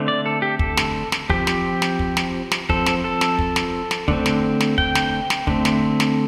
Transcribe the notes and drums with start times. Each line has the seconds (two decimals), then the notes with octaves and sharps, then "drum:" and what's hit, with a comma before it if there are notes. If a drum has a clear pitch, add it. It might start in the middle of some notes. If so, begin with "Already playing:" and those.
Already playing: D3 A3 C4
0.08 D5
0.26 A4
0.42 G4
0.59 A4, drum: kick
0.77 drum: snare
1.12 drum: snare
1.30 F3 C4 G4, drum: kick
1.47 drum: snare
1.82 drum: snare
1.99 drum: kick
2.17 drum: snare
2.51 drum: snare
2.69 F3 C4 A4, drum: kick
2.86 drum: snare
3.04 A4
3.21 drum: snare
3.39 drum: kick
3.56 drum: snare
3.91 drum: snare
4.08 D3 A3 C4, drum: kick
4.26 drum: snare
4.60 drum: snare
4.78 G5, drum: kick
4.95 drum: snare
5.30 drum: snare
5.47 D3 A3 C4, drum: kick
5.65 drum: snare
6.00 drum: snare